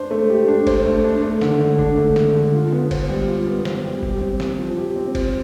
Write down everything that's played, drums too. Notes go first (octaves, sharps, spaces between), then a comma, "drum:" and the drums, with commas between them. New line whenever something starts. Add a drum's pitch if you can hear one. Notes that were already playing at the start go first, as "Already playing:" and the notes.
Already playing: D4 C5
A3
G4
D4
C5, drum: kick G1, cymbal
A3
D4
A3
D3, drum: snare
D3
D4, drum: kick G1
A3
D3, drum: snare
D3
F4
B3
C5, drum: kick G1, cymbal
G3
F4
B3
C5, drum: snare
G3
G4, drum: kick G1
C4
C5, drum: snare
F3
G4
C4
C5, drum: kick G1, cymbal